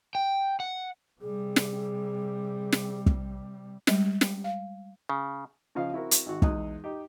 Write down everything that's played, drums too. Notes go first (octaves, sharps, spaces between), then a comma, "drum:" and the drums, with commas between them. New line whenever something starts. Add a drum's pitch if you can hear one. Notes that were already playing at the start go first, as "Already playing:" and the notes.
G5
F#5
C3 G3 G#4
drum: snare
drum: snare
drum: kick
G3 G#3, drum: snare
drum: snare
F5
C#3
C#3 F3 D#5 F5
C4 E4 F#4 A#4
drum: hi-hat
G#1 F#4
E2 G#3 D#4 D#6 F#6, drum: kick
D#4 G4